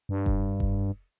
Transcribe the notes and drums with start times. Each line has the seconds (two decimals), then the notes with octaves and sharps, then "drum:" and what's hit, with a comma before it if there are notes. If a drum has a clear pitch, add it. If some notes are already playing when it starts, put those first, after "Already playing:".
0.09 G2
0.26 drum: kick F1
0.60 drum: kick F1